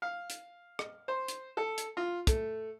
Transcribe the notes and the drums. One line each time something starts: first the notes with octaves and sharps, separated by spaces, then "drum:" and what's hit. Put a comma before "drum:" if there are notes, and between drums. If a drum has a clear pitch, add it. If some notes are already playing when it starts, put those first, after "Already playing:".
F5
drum: hi-hat
drum: rim click
C5
drum: hi-hat
A4
drum: hi-hat
F4
A3, drum: kick, hi-hat